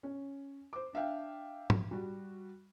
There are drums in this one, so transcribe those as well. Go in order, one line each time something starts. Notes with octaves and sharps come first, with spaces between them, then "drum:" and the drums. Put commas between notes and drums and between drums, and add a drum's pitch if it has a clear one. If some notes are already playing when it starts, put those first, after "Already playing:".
C#4
C5 D6
D4 E5 F5 G5
drum: tom G#2
G3 F#4